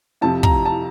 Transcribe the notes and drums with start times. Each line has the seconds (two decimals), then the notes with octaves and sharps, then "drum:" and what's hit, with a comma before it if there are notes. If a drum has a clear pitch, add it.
0.21 F2 C3 F3 A5
0.43 A#5, drum: kick
0.66 A5